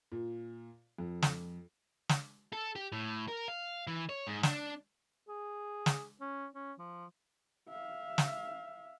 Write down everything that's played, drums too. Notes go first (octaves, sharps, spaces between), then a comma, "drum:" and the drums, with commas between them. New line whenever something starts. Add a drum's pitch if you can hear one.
A#2
F2
drum: snare
drum: snare
A4
G4
A2
A#4
F5
E3
C#5
G#2
D4, drum: snare
G#4
drum: snare
C#4
C#4
F3
E5 F5
drum: snare